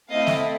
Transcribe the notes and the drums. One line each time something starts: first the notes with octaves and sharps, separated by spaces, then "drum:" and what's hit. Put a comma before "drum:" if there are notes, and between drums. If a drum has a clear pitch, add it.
A3 C4 E4 D#5 F5
drum: snare A3